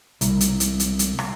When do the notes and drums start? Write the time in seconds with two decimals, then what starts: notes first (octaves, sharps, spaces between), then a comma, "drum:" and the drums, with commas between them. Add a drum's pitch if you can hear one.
0.21 C2, drum: hi-hat
0.41 drum: hi-hat
0.60 drum: hi-hat
0.80 drum: hi-hat
0.99 drum: hi-hat
1.19 drum: rim click